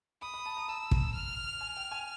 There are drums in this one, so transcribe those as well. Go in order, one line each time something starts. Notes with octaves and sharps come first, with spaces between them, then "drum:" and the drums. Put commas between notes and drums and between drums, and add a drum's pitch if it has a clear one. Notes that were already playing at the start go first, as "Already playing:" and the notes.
B5 D#6
B5
A5
A#5
A5 E6
drum: kick
F6
G#5
G5
G#5